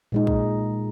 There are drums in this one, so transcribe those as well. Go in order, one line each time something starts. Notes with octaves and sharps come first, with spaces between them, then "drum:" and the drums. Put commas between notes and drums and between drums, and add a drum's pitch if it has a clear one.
A#2 G#3 D#4
drum: kick